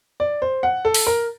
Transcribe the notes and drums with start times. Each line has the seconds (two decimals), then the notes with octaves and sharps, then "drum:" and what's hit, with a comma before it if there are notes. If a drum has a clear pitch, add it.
0.20 D5
0.42 C5
0.63 F#5
0.85 A4
0.94 drum: open hi-hat
1.07 A#4